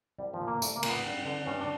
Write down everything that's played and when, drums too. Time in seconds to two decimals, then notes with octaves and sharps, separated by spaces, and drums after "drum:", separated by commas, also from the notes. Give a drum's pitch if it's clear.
0.18 C2 G3
0.34 F3
0.41 A#2
0.48 A#3
0.62 C2 A3, drum: tambourine
0.76 A#3
0.83 A#2, drum: cymbal
0.90 B3
1.04 G2
1.25 D3
1.46 G2 C#4
1.60 D4